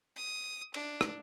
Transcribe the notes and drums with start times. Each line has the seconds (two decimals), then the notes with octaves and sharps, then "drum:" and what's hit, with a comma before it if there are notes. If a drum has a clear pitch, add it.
0.16 D#6
0.74 D4, drum: cymbal
1.01 drum: rim click